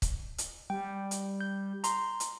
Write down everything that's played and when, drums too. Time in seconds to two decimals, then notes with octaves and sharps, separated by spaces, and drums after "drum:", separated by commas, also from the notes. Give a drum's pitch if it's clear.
0.02 drum: kick, hi-hat
0.38 drum: hi-hat
0.70 G3 G5
1.11 drum: hi-hat
1.41 G6
1.84 A#5 C6, drum: hi-hat
2.20 drum: hi-hat